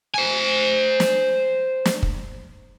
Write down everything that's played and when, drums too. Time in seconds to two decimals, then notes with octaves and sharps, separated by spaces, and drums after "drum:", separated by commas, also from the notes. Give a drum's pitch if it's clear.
0.14 C5 G#5
1.00 drum: snare
1.86 drum: snare
2.03 drum: kick